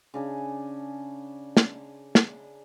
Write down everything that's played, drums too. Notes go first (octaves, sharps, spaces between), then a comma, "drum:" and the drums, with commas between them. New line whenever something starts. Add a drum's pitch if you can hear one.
C#3 D4 G#4
drum: snare
drum: snare